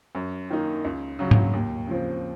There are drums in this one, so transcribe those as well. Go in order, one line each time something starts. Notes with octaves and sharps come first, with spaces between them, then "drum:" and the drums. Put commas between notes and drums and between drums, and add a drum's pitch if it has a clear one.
F#2
D#3 A#3 D#4
C#2
C#3 F#3
drum: tom G#2
D#2
C#3 F3 C4